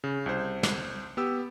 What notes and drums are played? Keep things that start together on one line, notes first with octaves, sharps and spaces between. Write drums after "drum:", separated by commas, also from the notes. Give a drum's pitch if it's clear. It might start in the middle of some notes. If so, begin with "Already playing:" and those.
C#3
C2 C5
drum: snare
B3 G4 E6